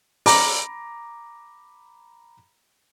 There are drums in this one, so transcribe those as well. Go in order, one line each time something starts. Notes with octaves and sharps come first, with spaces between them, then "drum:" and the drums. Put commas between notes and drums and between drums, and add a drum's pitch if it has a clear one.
A#5 B5 D6 A#6, drum: open hi-hat